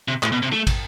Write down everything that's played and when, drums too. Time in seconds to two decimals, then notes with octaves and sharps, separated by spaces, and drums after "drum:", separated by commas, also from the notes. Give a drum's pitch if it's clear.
0.08 C3
0.23 A2, drum: clap
0.32 B2
0.43 C3
0.52 A3
0.67 drum: kick, cymbal